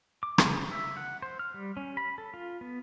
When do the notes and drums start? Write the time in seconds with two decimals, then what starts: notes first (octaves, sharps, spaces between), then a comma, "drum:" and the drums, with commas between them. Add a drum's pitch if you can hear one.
0.23 D6
0.38 C#3, drum: rim click
0.71 E5
0.97 F#5
1.22 C5
1.39 F6
1.54 G3
1.77 C#4
1.97 B5
2.18 A4
2.34 F4
2.61 B3